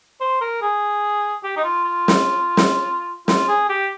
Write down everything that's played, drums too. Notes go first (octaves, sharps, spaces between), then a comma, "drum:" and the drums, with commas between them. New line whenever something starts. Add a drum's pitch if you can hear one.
C5
A#4
G#4
G4
D#4
F4
F4
drum: snare
drum: snare
F4, drum: snare
G#4
G4